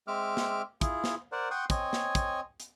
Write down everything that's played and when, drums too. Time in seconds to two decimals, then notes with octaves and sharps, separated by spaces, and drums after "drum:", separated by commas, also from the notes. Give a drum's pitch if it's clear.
0.08 G#3 C4 E5 D6 F6
0.37 drum: snare
0.81 E4 F4 G#4, drum: kick, hi-hat
1.04 drum: snare
1.32 A#4 C5 D5 F#5
1.51 F#5 G5 C6 C#6 D#6 F#6
1.70 C4 C#5 D#5 G#5, drum: kick, hi-hat
1.93 drum: snare
2.15 drum: kick, hi-hat
2.60 drum: hi-hat